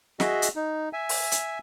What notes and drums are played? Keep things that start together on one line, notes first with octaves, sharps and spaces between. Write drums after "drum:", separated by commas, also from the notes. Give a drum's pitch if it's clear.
F#4 G#4 D#5 E5, drum: snare
drum: hi-hat
D#4
E5 G#5
drum: open hi-hat
drum: hi-hat